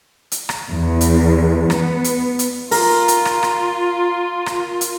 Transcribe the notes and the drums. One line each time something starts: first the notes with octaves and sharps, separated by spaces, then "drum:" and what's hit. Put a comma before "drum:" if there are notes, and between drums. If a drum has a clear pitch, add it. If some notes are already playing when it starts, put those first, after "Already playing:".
drum: hi-hat
drum: rim click
E2
drum: hi-hat
B3, drum: rim click
drum: hi-hat
drum: hi-hat
F4 A#4, drum: open hi-hat
drum: hi-hat
drum: rim click
drum: rim click
drum: rim click
drum: hi-hat